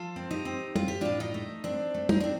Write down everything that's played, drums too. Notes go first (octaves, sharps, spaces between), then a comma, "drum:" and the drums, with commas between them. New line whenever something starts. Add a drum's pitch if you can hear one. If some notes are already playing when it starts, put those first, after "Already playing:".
Already playing: F3 F4 A4
C4
D#4 G4
C4
C4 F4, drum: tom
G4
A2 D4 F4
D#4
A3
C4 D4
A3
D#4, drum: tom
C4 D4